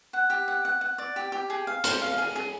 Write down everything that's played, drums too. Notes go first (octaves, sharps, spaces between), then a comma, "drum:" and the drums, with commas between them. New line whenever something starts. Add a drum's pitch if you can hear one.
F#5
G4
F#5
F#5
F#5
D5
G4
G4
G#4
F5
C5, drum: hi-hat
F5
G#4
G#4